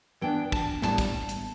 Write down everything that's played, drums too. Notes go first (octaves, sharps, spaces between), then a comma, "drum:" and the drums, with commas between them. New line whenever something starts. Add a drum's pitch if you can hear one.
E3 B3 D4 G5
A5, drum: kick
A2 G3 B3 A5, drum: snare
drum: kick, hi-hat
drum: hi-hat